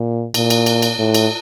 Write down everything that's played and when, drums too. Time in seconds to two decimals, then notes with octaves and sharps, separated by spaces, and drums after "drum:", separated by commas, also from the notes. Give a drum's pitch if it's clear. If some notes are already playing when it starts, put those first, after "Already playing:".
Already playing: A#2
0.34 A#2, drum: cymbal
0.50 drum: cymbal
0.66 drum: cymbal
0.82 drum: cymbal
0.99 A2
1.14 drum: cymbal